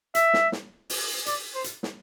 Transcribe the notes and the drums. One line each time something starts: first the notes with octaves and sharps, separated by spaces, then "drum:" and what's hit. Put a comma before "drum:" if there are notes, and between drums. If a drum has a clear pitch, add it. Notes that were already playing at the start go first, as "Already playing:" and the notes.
E5, drum: hi-hat
drum: snare
drum: snare
drum: open hi-hat
D5, drum: hi-hat
C5
drum: hi-hat
drum: snare